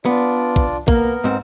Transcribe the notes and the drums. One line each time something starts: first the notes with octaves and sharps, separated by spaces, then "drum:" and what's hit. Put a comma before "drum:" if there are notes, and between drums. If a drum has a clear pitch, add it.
B3 D4 F4 D5
drum: kick
A#3 B3 A#4, drum: kick
G#2 C4